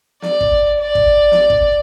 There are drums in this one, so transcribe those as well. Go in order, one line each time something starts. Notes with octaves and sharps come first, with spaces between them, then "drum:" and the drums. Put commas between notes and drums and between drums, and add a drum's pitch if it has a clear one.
D5, drum: snare
drum: kick
D5
drum: kick
drum: snare
drum: kick